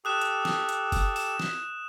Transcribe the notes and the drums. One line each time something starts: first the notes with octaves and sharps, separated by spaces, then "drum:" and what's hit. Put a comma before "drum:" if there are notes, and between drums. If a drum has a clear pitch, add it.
G4 A4 D#6 F#6 E7
drum: hi-hat
drum: snare
drum: hi-hat
drum: kick F#1, open hi-hat
E7, drum: open hi-hat
drum: snare